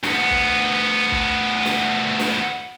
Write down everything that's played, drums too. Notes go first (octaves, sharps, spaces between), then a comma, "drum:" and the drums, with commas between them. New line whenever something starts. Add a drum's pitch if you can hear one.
D2 B3, drum: snare
drum: kick B1
drum: kick B1
drum: snare
drum: snare